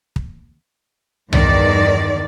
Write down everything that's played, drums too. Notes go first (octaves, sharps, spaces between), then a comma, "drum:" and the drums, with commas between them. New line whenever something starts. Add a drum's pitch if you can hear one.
drum: kick
E2 G2 D#3 D5, drum: tom C2